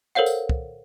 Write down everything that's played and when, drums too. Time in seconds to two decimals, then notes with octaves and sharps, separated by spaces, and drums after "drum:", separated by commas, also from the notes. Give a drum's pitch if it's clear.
0.15 A4 A#4 C5 C#5 F5 F#5
0.26 drum: tambourine
0.49 drum: kick